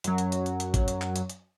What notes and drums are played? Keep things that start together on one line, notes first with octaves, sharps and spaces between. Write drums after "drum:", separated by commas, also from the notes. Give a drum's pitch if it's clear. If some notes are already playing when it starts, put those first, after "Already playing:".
F#2 F#3, drum: hi-hat
drum: hi-hat
drum: hi-hat
drum: hi-hat
drum: hi-hat
drum: kick A1, hi-hat
drum: hi-hat
drum: clap
drum: hi-hat
drum: hi-hat